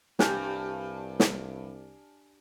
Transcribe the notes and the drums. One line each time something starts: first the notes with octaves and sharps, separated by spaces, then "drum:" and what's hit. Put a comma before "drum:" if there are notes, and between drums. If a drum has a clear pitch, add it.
C2 G2 G4 G#5 A5 F6 G6, drum: snare
drum: snare